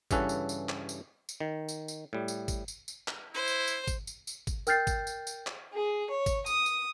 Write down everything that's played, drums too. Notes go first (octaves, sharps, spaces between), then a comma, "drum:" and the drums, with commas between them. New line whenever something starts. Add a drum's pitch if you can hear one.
G2 C#3 E3 C#4 A4 F#5, drum: kick G#1, tambourine
drum: tambourine
drum: tambourine
drum: clap
drum: tambourine
drum: tambourine
D#3
drum: tambourine
drum: tambourine
A2 G3
drum: tambourine
drum: kick G#1, tambourine
drum: tambourine
drum: tambourine
drum: clap
E4 C5
drum: tambourine
drum: tambourine
drum: kick G#1, tambourine
drum: tambourine
drum: tambourine
drum: kick G#1, tambourine
A#4 G5 F6 G6 A6 C7, drum: tambourine
drum: kick G#1, tambourine
drum: tambourine
drum: tambourine
drum: clap
G#4
C#5
drum: kick G#1, tambourine
D#6, drum: tambourine
drum: tambourine